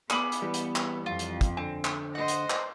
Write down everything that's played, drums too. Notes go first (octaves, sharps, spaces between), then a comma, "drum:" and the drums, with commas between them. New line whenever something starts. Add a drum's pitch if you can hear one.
B3 G#4 B5 D6, drum: clap
drum: hi-hat
E3 G3
drum: hi-hat
drum: clap
F2 F4
drum: hi-hat
drum: kick, hi-hat
D3 C4 G#5
drum: clap
C5 D#5 F#5
drum: hi-hat
drum: clap